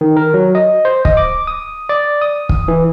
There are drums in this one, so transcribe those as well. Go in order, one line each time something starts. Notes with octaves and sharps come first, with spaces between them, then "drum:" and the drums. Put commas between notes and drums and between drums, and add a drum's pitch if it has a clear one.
D#3
A#4
F#3
D#5
C5
D#5, drum: kick
D6
D#6
D5
D#6
drum: kick
E3